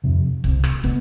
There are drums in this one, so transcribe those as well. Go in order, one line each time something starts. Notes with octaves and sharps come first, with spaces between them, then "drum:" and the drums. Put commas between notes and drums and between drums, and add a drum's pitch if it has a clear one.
F2 C3
C2 C3, drum: kick
drum: rim click
C3 B3, drum: kick